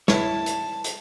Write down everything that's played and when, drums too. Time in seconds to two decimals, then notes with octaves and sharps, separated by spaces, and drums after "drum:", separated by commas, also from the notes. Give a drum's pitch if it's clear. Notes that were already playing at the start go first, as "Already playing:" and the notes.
0.08 E4 B4 C#5 A5, drum: snare
0.46 drum: hi-hat
0.84 drum: hi-hat